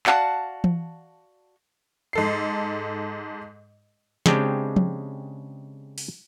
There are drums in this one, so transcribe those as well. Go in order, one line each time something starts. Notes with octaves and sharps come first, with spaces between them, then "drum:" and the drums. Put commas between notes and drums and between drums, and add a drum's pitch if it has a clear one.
F#4 D5 F5 F#5 A5, drum: clap
drum: tom E3
G#2 A4 C7
C#3 G#3 C4 D4 G4 G5, drum: snare
drum: tom F3
drum: open hi-hat